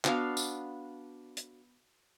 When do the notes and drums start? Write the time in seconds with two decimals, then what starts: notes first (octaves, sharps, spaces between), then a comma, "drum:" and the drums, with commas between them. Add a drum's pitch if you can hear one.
0.05 B3 D4 F#4 F5, drum: clap
0.37 drum: tambourine
1.37 drum: hi-hat